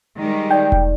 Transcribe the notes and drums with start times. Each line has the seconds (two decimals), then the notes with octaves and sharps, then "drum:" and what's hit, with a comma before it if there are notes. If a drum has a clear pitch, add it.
0.18 D#3 G3 G#3
0.51 D#4 D5 G5
0.72 drum: kick E1